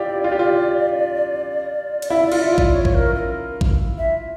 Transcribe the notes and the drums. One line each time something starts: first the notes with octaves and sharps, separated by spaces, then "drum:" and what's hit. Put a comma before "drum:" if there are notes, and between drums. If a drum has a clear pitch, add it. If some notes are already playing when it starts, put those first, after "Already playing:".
Already playing: E4 F4 G4 D5
F4
G4
F4
D5, drum: cymbal
E4 E5
D5
F4, drum: cymbal
E5
F4 C#5
D5, drum: kick A1
C#5
C#5, drum: kick A1
A#4
A#4
drum: kick A1
E5